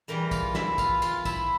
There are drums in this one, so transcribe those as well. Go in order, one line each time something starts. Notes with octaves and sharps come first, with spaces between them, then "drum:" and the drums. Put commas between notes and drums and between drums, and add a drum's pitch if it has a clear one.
E2 E3 G3 A#4 A#5
F4 F5, drum: kick, tambourine
E4 E5, drum: snare
F4 F5, drum: kick, tambourine
F4 F5, drum: tambourine
E4 E5, drum: kick, tambourine